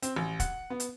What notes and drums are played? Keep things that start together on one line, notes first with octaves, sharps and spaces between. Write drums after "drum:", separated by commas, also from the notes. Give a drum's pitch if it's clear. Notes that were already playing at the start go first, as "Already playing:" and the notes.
C4, drum: hi-hat
A1
F#5, drum: kick, hi-hat
B3
drum: hi-hat